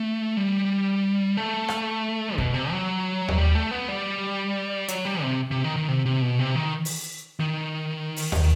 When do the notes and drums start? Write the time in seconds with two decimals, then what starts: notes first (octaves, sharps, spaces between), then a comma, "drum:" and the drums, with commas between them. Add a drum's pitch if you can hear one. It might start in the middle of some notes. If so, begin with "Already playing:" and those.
Already playing: A3
0.37 G3
1.37 A3
1.68 drum: rim click
2.38 B2, drum: kick F2
2.54 C3
2.71 F#3
3.28 drum: tom D#2
3.38 G3
3.55 A3
3.71 B3
3.88 G3
4.88 F#3, drum: hi-hat
5.05 G3
5.22 C3
5.51 C3
5.64 D#3
5.76 D#3
5.88 C3
6.06 C3
6.22 B2
6.39 C3
6.55 D#3
6.85 drum: open hi-hat
7.40 D#3
8.16 drum: open hi-hat
8.32 drum: tom D#2